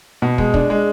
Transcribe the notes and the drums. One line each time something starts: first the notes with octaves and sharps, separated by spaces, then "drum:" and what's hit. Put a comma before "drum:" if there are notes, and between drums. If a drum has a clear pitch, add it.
B2
G#3, drum: kick
D4, drum: kick
G#3